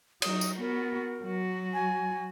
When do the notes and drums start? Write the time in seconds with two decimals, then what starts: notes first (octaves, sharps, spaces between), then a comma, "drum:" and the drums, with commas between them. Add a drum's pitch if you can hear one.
0.22 F#3 D#4 D#6, drum: cymbal
0.41 drum: tambourine
0.60 B3 F#4 A#4
1.22 F#3 F#4
1.74 G#5